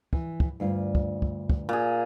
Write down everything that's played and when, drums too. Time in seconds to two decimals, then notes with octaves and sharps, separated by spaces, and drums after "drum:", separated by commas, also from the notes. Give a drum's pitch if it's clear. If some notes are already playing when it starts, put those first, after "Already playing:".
0.13 E3, drum: kick
0.40 drum: kick
0.60 D2 G2 F4
0.95 drum: kick
1.22 drum: kick
1.50 drum: kick
1.69 A#2 G#4